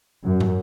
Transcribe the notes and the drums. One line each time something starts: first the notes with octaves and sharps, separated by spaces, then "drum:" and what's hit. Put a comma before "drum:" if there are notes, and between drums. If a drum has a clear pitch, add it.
F#2
drum: tom